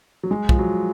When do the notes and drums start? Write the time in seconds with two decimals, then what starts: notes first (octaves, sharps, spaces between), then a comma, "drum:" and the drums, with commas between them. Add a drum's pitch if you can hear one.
0.23 F#3
0.31 G#3
0.49 F3, drum: kick
0.59 F#3